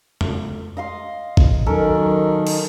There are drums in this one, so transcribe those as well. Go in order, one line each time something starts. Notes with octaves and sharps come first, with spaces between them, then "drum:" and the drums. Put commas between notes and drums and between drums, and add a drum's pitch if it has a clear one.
drum: tom
D#5 F5 C6
drum: kick
D#3 F#3 C#4 A4 A#4
drum: cymbal